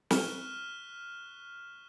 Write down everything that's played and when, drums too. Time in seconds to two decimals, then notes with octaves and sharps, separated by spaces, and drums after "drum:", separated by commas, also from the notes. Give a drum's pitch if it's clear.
0.11 C#6 F6 F#6 B6 E7, drum: snare